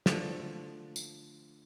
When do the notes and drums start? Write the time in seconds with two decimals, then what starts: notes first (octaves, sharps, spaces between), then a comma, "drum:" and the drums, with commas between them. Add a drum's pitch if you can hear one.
0.06 D3 F3 A3, drum: snare
0.96 drum: tambourine